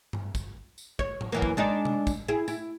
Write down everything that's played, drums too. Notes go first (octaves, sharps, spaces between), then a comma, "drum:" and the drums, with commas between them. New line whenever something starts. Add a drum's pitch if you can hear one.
drum: tom G2
drum: kick, tambourine
drum: tambourine
C#5, drum: kick
drum: tom A2
F#2 E3 A#3
drum: kick
G#3 D4 D#4
drum: tom C3
drum: kick, tambourine
E4 G#4
E4, drum: tambourine